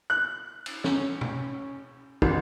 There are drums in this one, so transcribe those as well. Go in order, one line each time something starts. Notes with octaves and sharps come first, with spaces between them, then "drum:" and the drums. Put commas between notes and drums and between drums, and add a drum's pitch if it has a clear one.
F#6
drum: cymbal
C#4, drum: snare
drum: tom
A1, drum: kick